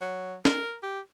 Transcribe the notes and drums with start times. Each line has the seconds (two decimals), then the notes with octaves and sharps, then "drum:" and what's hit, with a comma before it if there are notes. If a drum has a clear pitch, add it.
0.01 F#3
0.45 A#4, drum: snare
0.83 G4